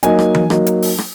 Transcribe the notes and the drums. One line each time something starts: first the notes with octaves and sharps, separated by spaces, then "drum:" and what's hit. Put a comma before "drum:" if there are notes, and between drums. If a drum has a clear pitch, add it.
F#3 A#3 D#4 G#5, drum: hi-hat
drum: rim click
drum: tom E3
F#3 A#3 D#4, drum: rim click
drum: hi-hat
drum: open hi-hat
drum: rim click